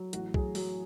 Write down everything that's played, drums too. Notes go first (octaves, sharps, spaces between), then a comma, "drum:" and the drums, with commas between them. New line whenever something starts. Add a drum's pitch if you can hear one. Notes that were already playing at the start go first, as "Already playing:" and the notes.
Already playing: F#3
A1 F#4, drum: hi-hat
F#3 G#4, drum: kick
F#3, drum: open hi-hat